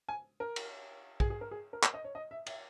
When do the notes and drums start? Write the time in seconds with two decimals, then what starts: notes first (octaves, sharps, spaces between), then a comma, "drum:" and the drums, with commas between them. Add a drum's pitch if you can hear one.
0.08 G#5
0.40 A#4
0.56 drum: cymbal
1.20 G#4, drum: kick
1.30 G#4
1.41 A#4
1.51 G#4
1.73 A#4
1.83 A#4, drum: clap
1.94 D#5
2.04 C#5
2.15 D#5
2.31 E5
2.46 E5, drum: cymbal